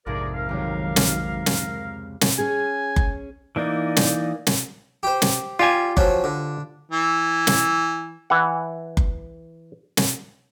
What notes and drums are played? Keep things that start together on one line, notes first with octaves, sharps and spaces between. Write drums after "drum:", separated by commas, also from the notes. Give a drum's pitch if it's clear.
A#1 F2 G#2 C3 G#4 A#4 D5
A#4 F5
C#2 D#3 F#3 G4
drum: snare
drum: snare
drum: snare
C#4 G#4 G#5
drum: kick F#1
E3 A#3 D#4 D5
drum: snare
drum: snare
G4 C5
drum: snare
G3 F4 G4 G#5
F3 F#3 C#4, drum: kick F#1
D3
E3
drum: snare
E3 F#5
drum: kick F#1
drum: snare